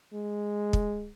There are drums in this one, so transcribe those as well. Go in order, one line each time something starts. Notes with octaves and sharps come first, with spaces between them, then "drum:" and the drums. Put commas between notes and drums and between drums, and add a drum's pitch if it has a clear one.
G#3
drum: kick